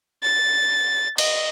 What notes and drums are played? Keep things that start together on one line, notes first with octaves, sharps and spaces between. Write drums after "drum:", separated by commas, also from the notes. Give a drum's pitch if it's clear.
A6
D#5, drum: cymbal